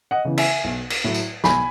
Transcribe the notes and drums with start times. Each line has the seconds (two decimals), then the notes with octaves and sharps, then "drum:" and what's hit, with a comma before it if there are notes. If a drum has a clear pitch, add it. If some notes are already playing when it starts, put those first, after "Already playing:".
0.11 D#5 F#5
0.25 C#3 E3 B3
0.38 E5 G#5, drum: cymbal
0.64 B1
0.90 drum: cymbal
1.04 A2 F#3 A3
1.14 drum: tambourine
1.44 B1 G#5 B5, drum: snare